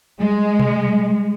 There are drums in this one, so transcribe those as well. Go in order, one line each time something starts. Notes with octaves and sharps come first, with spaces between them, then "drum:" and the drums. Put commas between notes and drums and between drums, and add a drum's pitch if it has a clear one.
G#3
drum: tom B2